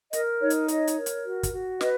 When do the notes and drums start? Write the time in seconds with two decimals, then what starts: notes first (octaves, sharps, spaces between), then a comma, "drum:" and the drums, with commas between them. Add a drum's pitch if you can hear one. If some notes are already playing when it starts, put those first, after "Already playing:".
0.13 A#4 D#5, drum: hi-hat
0.41 D#4 C#5
0.50 drum: hi-hat
0.68 C#5 D#5, drum: hi-hat
0.87 drum: hi-hat
0.96 A#4
1.06 drum: hi-hat
1.25 F#4
1.43 drum: kick, hi-hat
1.53 F#4
1.81 B4 D#5, drum: snare